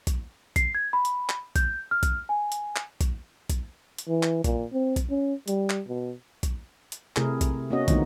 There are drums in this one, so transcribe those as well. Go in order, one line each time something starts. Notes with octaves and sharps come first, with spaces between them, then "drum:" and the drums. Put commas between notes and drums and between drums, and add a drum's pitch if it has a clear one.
drum: kick, hi-hat
C7, drum: kick, hi-hat
G#6
B5
drum: hi-hat
drum: clap
G6, drum: kick, hi-hat
F6
drum: kick, hi-hat
G#5
drum: hi-hat
drum: clap
drum: kick, hi-hat
drum: kick, hi-hat
drum: hi-hat
E3
drum: clap
A#2, drum: kick, hi-hat
C4
drum: kick, hi-hat
C#4
G3, drum: hi-hat
drum: clap
B2
drum: kick, hi-hat
drum: hi-hat
C3 A3 C4 E4 G#4 A#4, drum: clap
drum: kick, hi-hat
A#3 B3 C#4 F#4 D#5
D3 D#3 F3 A3 B3 D#4, drum: kick, hi-hat